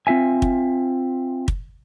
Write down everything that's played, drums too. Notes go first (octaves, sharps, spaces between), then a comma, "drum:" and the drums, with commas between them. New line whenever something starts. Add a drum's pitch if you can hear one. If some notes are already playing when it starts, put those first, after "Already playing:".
C4 F4 E5 G#5
drum: kick
drum: kick